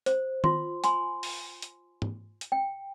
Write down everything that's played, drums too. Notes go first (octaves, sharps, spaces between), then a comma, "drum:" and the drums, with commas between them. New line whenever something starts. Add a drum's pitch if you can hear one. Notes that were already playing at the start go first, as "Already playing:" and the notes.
C5, drum: hi-hat
F4 C6, drum: tom D#3
G#5 B5 C6, drum: hi-hat
drum: open hi-hat
drum: hi-hat
drum: tom G#2
drum: hi-hat
G5